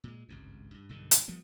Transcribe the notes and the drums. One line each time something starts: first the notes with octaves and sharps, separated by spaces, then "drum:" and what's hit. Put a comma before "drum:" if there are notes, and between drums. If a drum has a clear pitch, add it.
A#2 G#3
G#1 C#2 G2
G2
B1 G2 D3 D#3
drum: hi-hat
F3 G3 A3 B3